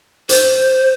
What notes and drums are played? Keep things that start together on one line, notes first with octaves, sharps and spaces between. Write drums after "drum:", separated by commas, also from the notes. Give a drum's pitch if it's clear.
C5, drum: hi-hat